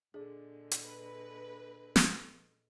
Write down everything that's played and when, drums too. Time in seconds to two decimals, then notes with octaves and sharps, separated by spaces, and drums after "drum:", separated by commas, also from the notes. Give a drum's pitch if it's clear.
0.14 A#2 D3 G#3 D4 G#4 D5
0.71 drum: hi-hat
0.83 B4
1.96 drum: snare